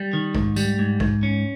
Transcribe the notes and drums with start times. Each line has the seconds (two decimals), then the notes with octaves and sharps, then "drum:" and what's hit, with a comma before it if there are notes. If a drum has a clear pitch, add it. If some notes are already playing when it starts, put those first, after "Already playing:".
Already playing: G3
0.13 D#3
0.35 G#2, drum: kick A#1
0.56 G3, drum: tambourine
0.79 G#2
1.00 G#2, drum: kick A#1
1.23 C#4